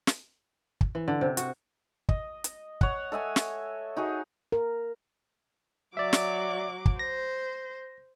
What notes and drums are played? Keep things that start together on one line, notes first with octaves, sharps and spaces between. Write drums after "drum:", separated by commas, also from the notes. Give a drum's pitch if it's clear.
drum: snare
drum: kick
E3
D3
C3
F#4, drum: hi-hat
D#5, drum: kick
drum: hi-hat
C#5 F#5, drum: kick
A4 D#5 E5 G#5
drum: snare
D#4 F#4 G#4
A#4
F#3 D5 E5 D6
drum: snare
drum: kick
C5 A#6